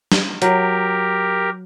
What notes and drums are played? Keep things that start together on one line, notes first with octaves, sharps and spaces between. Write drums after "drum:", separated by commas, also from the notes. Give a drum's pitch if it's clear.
drum: snare
F#3 G4 A#4, drum: hi-hat